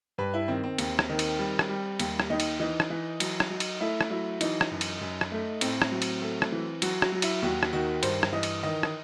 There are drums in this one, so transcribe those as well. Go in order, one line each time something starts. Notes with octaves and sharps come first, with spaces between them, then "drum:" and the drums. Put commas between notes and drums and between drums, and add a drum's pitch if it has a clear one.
G2 B4
E4
D#3 C4
C4
D#2, drum: cymbal
drum: rim click
D#3
drum: cymbal
G3
drum: rim click
G3
D#2, drum: cymbal
drum: rim click
D#2 D#4
drum: cymbal
E3 D#4
drum: rim click
E3
F#3, drum: cymbal
drum: rim click
F#3
drum: cymbal
A3 E4
drum: rim click
F#3 E4
E3 D#4, drum: cymbal
drum: rim click
F#2
drum: cymbal
F#2
drum: rim click
A3
A2 C4, drum: cymbal
drum: rim click
F#3
drum: cymbal
A3
drum: rim click
E3
F#3 F#4, drum: cymbal
F#4, drum: rim click
F#3
E4, drum: cymbal
D#2 F#4
drum: rim click
D#3 F#4
G2 C5, drum: cymbal
drum: rim click
E3 D#5
drum: cymbal
D#3 D#5
drum: rim click